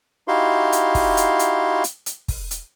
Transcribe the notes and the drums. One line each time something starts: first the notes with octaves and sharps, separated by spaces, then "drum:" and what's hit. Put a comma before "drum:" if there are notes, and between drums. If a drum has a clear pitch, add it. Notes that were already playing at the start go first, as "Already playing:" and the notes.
D#4 E4 F#4 G4 F5 C6
drum: hi-hat
drum: kick, open hi-hat
drum: hi-hat
drum: hi-hat
drum: hi-hat
drum: hi-hat
drum: kick, open hi-hat
drum: hi-hat